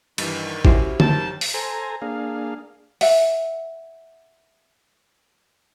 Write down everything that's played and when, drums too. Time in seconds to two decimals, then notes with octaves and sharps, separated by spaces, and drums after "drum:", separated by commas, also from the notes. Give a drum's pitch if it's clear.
0.18 G2 D#3 E3, drum: cymbal
0.65 C#4 E4 F#4 G4 C5 G#5, drum: kick A1
1.00 F#2 D#3 G5 A5, drum: tom D3
1.41 drum: open hi-hat
1.54 A4 C5 G#5 A#5
2.02 A#3 D4 G#4 F5
3.01 E5 F#5, drum: open hi-hat